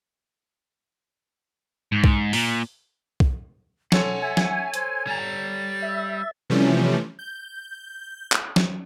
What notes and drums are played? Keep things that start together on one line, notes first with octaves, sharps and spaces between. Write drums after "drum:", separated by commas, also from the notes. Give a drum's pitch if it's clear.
G#2
drum: kick B1
A#2, drum: open hi-hat
drum: kick B1
A4 C#5 F#5 G#5 C6, drum: snare
E5 G#5
drum: snare
C5, drum: hi-hat
G3 A#5 A6
E5
C3 E3 F3 G3 A3 C#4
G6
drum: clap
drum: snare